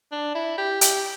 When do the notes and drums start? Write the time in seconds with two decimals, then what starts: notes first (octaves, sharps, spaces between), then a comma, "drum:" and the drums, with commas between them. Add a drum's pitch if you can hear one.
0.12 D4
0.35 E4
0.58 G4
0.81 G4, drum: hi-hat